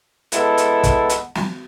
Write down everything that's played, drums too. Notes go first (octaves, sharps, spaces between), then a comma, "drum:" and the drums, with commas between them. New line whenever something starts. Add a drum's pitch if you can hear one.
G#3 B3 E4 A4, drum: hi-hat
drum: hi-hat
drum: kick, hi-hat
drum: hi-hat
drum: snare